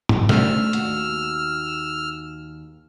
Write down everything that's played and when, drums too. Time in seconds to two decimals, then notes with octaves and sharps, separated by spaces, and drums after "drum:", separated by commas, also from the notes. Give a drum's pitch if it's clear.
0.09 drum: tom G#2
0.29 A3 C4 D4 E6 F6, drum: snare
0.73 D#2 F#4, drum: hi-hat